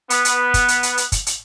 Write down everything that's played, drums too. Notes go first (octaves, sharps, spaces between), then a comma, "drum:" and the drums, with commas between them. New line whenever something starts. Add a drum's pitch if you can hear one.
B3, drum: hi-hat
drum: hi-hat
drum: kick, hi-hat
drum: hi-hat
drum: hi-hat
drum: hi-hat
drum: kick, hi-hat
drum: hi-hat